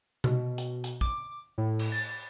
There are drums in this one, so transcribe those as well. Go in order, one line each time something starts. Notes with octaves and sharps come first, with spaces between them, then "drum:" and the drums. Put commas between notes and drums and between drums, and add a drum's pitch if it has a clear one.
B2, drum: tom C3
drum: hi-hat
drum: hi-hat
D6, drum: kick
A2
drum: cymbal
A6